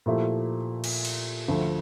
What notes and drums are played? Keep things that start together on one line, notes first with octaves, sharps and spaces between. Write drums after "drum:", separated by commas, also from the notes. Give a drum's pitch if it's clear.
A#2 F3 A3 E4 G4
drum: cymbal
drum: cymbal
D2 D3 F3 A3